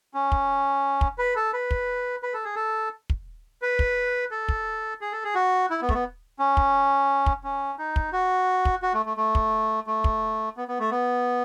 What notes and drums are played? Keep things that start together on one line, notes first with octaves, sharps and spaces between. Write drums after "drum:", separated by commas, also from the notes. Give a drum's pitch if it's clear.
C#4
drum: kick
drum: kick
B4
A4
B4
drum: kick
B4
A4
G#4
A4
drum: kick
B4
drum: kick
A4
drum: kick
G#4
A4
G#4
F#4
E4
B3
A3, drum: kick
B3
C#4
drum: kick
drum: kick
C#4
D#4
drum: kick
F#4
drum: kick
F#4
A3
A3
A3
drum: kick
A3
drum: kick
B3
B3
A3
B3